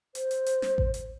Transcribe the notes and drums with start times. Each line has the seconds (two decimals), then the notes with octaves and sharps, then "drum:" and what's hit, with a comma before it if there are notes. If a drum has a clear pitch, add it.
0.15 C5, drum: hi-hat
0.31 drum: hi-hat
0.46 drum: hi-hat
0.62 drum: snare
0.78 drum: kick A1
0.94 drum: hi-hat